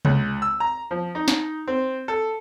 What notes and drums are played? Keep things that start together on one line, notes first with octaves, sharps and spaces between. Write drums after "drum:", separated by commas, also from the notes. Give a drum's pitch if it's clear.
C#2, drum: tom C3
E6
A#5
F3
D#4
drum: snare
C4
A4